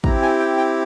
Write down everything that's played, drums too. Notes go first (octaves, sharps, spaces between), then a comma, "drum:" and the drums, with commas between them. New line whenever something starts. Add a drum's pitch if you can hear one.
C4 E4 G4 A#5, drum: kick
G#5
G5
G5